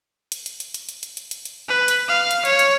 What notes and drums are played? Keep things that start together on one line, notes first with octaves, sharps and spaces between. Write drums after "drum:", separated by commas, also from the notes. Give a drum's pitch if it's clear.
drum: hi-hat
drum: hi-hat
drum: hi-hat
drum: hi-hat
drum: hi-hat
drum: hi-hat
drum: hi-hat
drum: hi-hat
drum: hi-hat
B4
drum: hi-hat
F5
drum: hi-hat
C#5, drum: hi-hat
drum: hi-hat